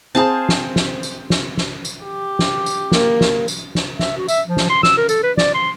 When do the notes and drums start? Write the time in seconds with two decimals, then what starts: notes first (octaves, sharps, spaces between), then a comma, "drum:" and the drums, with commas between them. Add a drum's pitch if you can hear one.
0.15 C4 G#4 C5 F5 A5
0.49 drum: snare
0.76 drum: snare
1.03 drum: tambourine
1.30 drum: snare
1.57 drum: snare
1.85 drum: tambourine
2.05 G4
2.39 drum: snare
2.66 drum: tambourine
2.92 A#3, drum: snare
3.21 drum: snare
3.48 drum: tambourine
3.75 drum: snare
3.99 E5, drum: snare
4.17 F#4
4.28 E5, drum: tambourine
4.47 F3
4.57 drum: snare
4.70 C6
4.83 E6, drum: snare
4.98 A#4
5.09 A4, drum: tambourine
5.23 B4
5.37 D5, drum: snare
5.55 C6